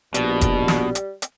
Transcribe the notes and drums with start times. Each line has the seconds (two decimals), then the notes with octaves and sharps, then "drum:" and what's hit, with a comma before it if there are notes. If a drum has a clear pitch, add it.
0.14 A#1 B2 G3, drum: hi-hat
0.41 drum: kick F1, hi-hat
0.68 drum: snare
0.95 drum: hi-hat
1.22 drum: hi-hat